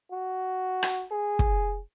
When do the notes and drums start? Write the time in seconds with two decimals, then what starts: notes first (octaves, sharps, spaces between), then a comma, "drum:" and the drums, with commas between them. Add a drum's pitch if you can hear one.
0.11 F#4
0.83 drum: rim click
1.11 G#4
1.39 drum: kick